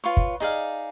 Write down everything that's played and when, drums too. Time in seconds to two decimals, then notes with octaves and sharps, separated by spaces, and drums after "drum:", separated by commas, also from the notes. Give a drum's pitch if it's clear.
0.04 F4 B4 C#5
0.17 drum: kick
0.40 D#4 G#4 D5 F5